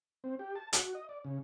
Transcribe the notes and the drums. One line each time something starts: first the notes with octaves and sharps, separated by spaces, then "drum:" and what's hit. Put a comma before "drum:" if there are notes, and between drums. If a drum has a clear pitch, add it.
C4
G4
A5
F#4, drum: hi-hat
D#5
D5
C#3